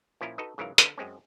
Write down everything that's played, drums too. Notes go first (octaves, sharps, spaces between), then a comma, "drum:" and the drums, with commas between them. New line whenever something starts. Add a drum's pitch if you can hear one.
A#2 F3 C#4 E4 F4 A#5
D#4 F#4 A4 B4 D#5
G#2 C#3 E3 F#3 A#4 F5
D3, drum: hi-hat
F#2 G#3 C4 C#4